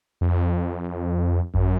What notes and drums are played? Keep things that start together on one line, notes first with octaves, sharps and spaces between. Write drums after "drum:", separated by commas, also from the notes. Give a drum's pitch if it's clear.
F2
F#2, drum: kick G#1